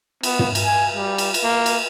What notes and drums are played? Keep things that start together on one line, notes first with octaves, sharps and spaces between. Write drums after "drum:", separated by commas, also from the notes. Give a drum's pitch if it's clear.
B3, drum: cymbal
drum: tom
drum: cymbal
G#5
G3
drum: cymbal
drum: cymbal
A#3
drum: cymbal